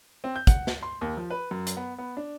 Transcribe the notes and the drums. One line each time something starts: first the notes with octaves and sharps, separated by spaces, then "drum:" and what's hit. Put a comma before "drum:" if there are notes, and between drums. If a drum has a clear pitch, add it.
C4
G6
F#5, drum: kick, hi-hat
drum: snare
C6
D#2
F3
B4
F#2
drum: hi-hat
B3
B3
D4